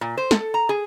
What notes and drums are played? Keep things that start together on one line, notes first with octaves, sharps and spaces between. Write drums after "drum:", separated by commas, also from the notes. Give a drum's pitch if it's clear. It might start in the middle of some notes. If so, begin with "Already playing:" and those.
A#2
C5
A4, drum: snare
A#5
G#4